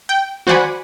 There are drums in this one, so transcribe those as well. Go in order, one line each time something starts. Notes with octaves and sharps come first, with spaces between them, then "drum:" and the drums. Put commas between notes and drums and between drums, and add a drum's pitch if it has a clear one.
G5
F#4 C5 D5 F#5 G#5 B5, drum: tom D3